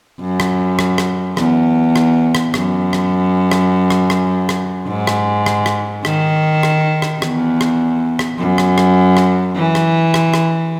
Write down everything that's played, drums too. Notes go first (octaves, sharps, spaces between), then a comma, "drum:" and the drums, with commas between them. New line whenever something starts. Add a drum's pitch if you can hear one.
F#2
drum: rim click
drum: rim click
drum: rim click
E2, drum: rim click
drum: rim click
drum: rim click
F#2, drum: rim click
drum: rim click
drum: rim click
drum: rim click
drum: rim click
drum: rim click
G#2
drum: rim click
drum: rim click
drum: rim click
D#3, drum: rim click
drum: rim click
drum: rim click
E2, drum: rim click
drum: rim click
drum: rim click
F#2
drum: rim click
drum: rim click
drum: rim click
E3
drum: rim click
drum: rim click
drum: rim click